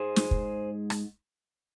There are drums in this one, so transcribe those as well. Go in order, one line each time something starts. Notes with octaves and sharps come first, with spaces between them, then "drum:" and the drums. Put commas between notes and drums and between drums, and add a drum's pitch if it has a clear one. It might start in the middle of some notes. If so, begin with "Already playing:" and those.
Already playing: G#2 G#3 G#4 C5
drum: snare
drum: kick
drum: rim click